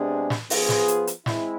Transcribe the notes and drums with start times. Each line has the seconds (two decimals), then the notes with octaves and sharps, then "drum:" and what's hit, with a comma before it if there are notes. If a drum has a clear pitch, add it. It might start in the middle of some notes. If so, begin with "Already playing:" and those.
Already playing: C3 G#3 B3 D4 G#4
0.30 drum: snare
0.50 F3 B3 F4 G#4, drum: open hi-hat
0.69 drum: snare
0.88 drum: hi-hat
1.07 drum: hi-hat
1.26 G#3 C4 E4, drum: snare